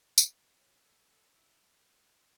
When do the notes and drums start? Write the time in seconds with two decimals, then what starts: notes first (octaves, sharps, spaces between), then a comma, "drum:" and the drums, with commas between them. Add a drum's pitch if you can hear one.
0.18 B3, drum: tambourine
0.58 C#4
0.84 A4
1.10 A4
1.35 E4
1.68 A#4